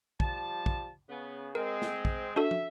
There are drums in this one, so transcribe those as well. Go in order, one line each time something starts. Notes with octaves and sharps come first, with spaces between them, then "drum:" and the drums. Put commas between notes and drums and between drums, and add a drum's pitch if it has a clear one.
F3 G3 A5, drum: kick
drum: kick
C#3 B3
G#3 C4 A#4
drum: snare
drum: kick
D4 F#4 A4 E5
drum: tom